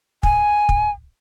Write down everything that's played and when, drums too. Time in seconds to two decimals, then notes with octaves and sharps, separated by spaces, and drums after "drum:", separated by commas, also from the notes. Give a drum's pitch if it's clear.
0.23 G#5, drum: kick
0.69 drum: kick